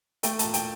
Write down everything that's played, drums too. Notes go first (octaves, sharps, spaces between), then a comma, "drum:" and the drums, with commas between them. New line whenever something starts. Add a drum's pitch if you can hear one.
A3 G5, drum: hi-hat
A5, drum: hi-hat
A#2
G5, drum: hi-hat